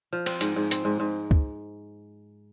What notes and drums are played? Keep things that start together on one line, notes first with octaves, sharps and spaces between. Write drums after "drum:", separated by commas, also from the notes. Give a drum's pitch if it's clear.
F3
C4, drum: cymbal
G#2, drum: hi-hat
G#2
C4, drum: hi-hat
G#2
G#2
drum: kick